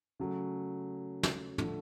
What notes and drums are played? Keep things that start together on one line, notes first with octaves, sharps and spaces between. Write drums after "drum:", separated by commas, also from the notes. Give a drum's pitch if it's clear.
C#3 F#3 A3
drum: snare
D3 F3 A3, drum: tom